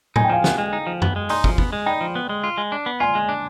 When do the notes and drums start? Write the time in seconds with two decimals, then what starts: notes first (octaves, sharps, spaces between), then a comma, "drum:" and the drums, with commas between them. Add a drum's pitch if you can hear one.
0.16 D#4 G#5, drum: tom A2
0.24 G5
0.30 F3 F5 G#5
0.44 B3, drum: snare
0.58 G#3
0.73 D#4
0.87 F3
1.02 B3, drum: tom F#2
1.16 G#3
1.29 D#4 G#5 C6, drum: open hi-hat
1.44 F3, drum: kick
1.58 B3, drum: kick
1.73 G#3
1.86 D#4 G5 B5
2.01 F3
2.15 B3
2.29 G#3
2.44 F4
2.58 G#3
2.72 D4
2.86 B3
3.00 F4 G#5 C6
3.15 G#3
3.29 D4